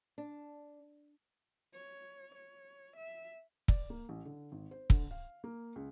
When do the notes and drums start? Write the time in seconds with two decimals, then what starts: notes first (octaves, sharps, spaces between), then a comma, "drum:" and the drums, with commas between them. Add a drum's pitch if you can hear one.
0.18 D4
1.74 C#5
2.35 C#5
2.96 E5
3.68 D5, drum: kick
3.90 A#3
4.09 A1
4.25 D3
4.52 G#1
4.71 C5
4.90 D3, drum: kick
5.11 F5
5.44 A#3
5.76 C#2